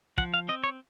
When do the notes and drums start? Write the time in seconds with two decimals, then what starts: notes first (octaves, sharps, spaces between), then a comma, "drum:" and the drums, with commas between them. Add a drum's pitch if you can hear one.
0.18 F3 F#5, drum: kick
0.34 F5
0.48 C4 D#5
0.64 C#5